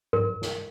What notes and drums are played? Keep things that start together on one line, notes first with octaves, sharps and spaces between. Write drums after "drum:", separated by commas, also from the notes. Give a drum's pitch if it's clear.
A#4, drum: tom G#2
drum: snare